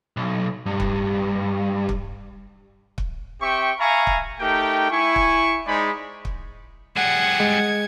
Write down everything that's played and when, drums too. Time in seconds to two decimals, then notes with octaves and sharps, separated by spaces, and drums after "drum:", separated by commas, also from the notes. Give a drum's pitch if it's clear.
0.17 B1
0.66 G2
0.80 drum: kick
1.89 drum: kick
2.98 drum: kick
3.42 C4 G4 E5 G5 C#6
3.80 E5 F5 G#5 A#5 B5 C#6
4.07 drum: kick
4.40 A3 D#4 G4 A#4 G5
4.91 E4 G#5 C#6
5.16 drum: kick
5.67 G#3 D#4 G#4 C5 D5 B5
6.25 drum: kick
6.96 G3 G#4 F#5 G#6 C#7
7.40 G#3